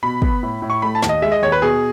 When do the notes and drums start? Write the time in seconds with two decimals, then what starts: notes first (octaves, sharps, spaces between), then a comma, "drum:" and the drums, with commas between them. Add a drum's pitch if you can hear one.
0.03 B2 B5
0.22 B3, drum: kick
0.43 A2
0.62 A2
0.70 C#6
0.82 A3 B5
0.95 A5
1.03 D#2, drum: snare
1.09 D#5
1.22 G#3 E5
1.32 D#5
1.42 D#2 C#5
1.52 B4
1.62 B2 G#4